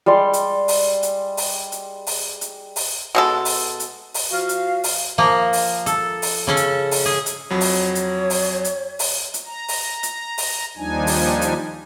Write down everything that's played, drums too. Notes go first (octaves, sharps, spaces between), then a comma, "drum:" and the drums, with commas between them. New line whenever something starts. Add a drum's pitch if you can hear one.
G3 G#3 D5 C6
drum: hi-hat
drum: open hi-hat
drum: hi-hat
drum: open hi-hat
drum: hi-hat
drum: open hi-hat
drum: hi-hat
drum: open hi-hat
B2 G#3 A4
drum: open hi-hat
drum: hi-hat
drum: open hi-hat
F3 F#4 F5
drum: hi-hat
drum: open hi-hat
F3 A#3
drum: open hi-hat
A4, drum: hi-hat
drum: open hi-hat
C#3 C#4 A4
drum: hi-hat
drum: open hi-hat
G#4
drum: hi-hat
F2 F#3 C#5 B5
drum: open hi-hat
drum: hi-hat
drum: open hi-hat
drum: hi-hat
drum: open hi-hat
drum: hi-hat
A#5
drum: open hi-hat
drum: hi-hat
drum: open hi-hat
D#2 F3 G3 D4 D#4 G#5
drum: open hi-hat
drum: hi-hat